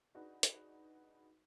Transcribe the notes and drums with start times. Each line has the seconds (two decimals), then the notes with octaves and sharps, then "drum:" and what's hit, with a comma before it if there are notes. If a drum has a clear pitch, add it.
0.15 D4 D#4 F#4 G#4 B4
0.43 drum: hi-hat